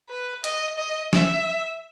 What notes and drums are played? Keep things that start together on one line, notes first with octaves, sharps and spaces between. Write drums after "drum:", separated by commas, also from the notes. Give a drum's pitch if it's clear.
B4
D#5, drum: hi-hat
D#5
E5, drum: snare